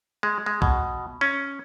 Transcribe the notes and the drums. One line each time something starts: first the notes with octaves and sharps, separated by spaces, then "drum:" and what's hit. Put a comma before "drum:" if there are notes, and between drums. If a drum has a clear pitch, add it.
G#3
G#3
B2, drum: kick
C#4